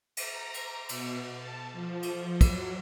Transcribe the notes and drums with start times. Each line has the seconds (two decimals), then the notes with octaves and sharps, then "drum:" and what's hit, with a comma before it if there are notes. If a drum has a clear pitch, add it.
0.17 A#5, drum: cymbal
0.54 drum: cymbal
0.89 B2, drum: cymbal
1.34 A5
1.72 F3
2.03 drum: cymbal
2.41 F#3, drum: kick, cymbal